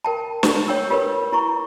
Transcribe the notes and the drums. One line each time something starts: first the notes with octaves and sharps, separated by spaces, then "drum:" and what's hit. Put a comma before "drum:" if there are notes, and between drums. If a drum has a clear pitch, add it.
A#4 G5 A5
drum: snare
C#5 G5 E6
F4 G4 A#4 B4 C#5
E4 A#5 C#6